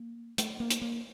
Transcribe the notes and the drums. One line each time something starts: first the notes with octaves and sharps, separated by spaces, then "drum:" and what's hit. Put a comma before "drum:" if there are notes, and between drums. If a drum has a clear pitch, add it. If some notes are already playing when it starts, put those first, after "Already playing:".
Already playing: A#3
A3, drum: hi-hat
A#3
drum: hi-hat
A#3